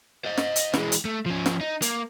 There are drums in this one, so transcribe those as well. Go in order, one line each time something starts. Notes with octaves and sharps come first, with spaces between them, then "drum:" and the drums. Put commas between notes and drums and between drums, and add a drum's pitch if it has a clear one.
C5 D#5
drum: snare
drum: hi-hat
E3 G#3, drum: snare
drum: hi-hat
A3
F3 C#4
drum: snare
D#4
A#3, drum: hi-hat